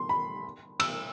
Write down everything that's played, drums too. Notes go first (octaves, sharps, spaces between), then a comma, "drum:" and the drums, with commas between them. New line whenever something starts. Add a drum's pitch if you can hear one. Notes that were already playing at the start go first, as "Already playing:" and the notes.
Already playing: C6
B5
E6, drum: cymbal